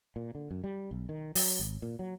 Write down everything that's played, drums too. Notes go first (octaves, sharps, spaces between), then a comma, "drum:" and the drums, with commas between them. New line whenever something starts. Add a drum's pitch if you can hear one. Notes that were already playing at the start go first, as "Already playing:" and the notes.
A#2
D3
F#2
G3
B1
D#3
F#3, drum: open hi-hat
G#1
A#2
F#3